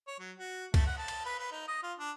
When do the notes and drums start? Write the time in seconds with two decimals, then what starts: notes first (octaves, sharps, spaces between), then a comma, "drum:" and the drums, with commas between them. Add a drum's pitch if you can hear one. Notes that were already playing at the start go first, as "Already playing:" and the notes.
0.07 C#5
0.19 F#3
0.37 F#4
0.74 A3, drum: kick C#2, cymbal
0.87 F#5
0.98 A5
1.08 drum: cymbal
1.25 B4
1.39 B4
1.51 D#4
1.68 D#5
1.83 F4
1.99 D4